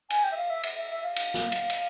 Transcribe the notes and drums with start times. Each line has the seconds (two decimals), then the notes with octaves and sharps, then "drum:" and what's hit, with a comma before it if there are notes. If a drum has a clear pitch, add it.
0.10 G#5, drum: cymbal
0.24 G5
0.32 E5
0.37 F5
0.50 E5
0.63 drum: cymbal
0.76 E5
0.90 E5
1.03 F5
1.16 F5, drum: cymbal
1.34 drum: snare
1.52 drum: cymbal
1.70 drum: cymbal